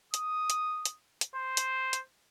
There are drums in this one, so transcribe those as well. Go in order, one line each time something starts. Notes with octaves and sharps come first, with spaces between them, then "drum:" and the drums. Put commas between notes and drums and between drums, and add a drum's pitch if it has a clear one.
D#6, drum: hi-hat
drum: hi-hat
drum: hi-hat
drum: hi-hat
C5
drum: hi-hat
drum: hi-hat